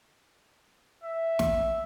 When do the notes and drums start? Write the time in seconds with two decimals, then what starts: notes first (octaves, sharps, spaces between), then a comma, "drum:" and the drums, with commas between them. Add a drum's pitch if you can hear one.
1.03 E5
1.39 drum: snare